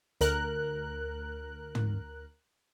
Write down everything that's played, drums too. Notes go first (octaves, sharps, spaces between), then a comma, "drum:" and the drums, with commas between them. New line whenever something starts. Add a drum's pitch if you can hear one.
D2 A#4 F#6, drum: hi-hat
drum: tom